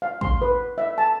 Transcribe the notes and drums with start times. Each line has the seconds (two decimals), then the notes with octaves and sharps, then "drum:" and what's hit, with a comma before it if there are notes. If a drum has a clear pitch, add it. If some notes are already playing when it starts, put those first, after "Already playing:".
0.02 F5
0.21 C6, drum: kick A1
0.42 B4
0.78 E5
0.98 A5